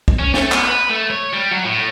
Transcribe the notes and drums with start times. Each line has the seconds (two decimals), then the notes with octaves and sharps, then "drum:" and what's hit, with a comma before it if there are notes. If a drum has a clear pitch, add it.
0.08 drum: kick
0.19 C#4
0.34 A3, drum: snare
0.52 B3, drum: clap
0.64 B4
0.90 A3
1.11 C#5
1.33 G3
1.52 F#3
1.65 A2